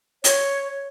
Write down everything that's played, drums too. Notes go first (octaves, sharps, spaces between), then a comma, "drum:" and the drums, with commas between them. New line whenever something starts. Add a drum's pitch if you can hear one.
C#5, drum: hi-hat